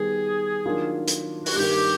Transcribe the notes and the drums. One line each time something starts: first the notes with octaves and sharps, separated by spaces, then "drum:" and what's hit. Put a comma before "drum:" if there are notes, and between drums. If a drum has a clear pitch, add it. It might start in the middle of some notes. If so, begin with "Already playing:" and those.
Already playing: D#3 G3 B3 G#4
D#3 F#3 A#3 D4 F4
drum: hi-hat
F#4, drum: open hi-hat
G2 D#3 G3 A#3 G4